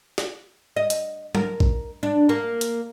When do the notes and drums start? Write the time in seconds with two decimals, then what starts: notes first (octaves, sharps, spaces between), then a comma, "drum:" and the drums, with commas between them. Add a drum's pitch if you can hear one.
0.18 drum: snare
0.76 D#5
0.90 drum: hi-hat
1.35 A#4, drum: tom F#3
1.60 drum: kick A#1
2.03 D4
2.29 A#3
2.61 drum: hi-hat